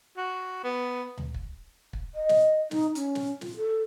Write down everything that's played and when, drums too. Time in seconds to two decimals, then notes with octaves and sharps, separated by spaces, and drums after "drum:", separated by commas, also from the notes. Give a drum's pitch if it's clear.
0.17 F#4
0.64 B3
1.18 drum: tom D2
1.34 drum: kick
1.93 drum: kick
2.15 D#5
2.29 drum: snare
2.71 D#4, drum: snare
2.95 C#4, drum: hi-hat
3.15 drum: snare
3.41 F4, drum: snare
3.56 A4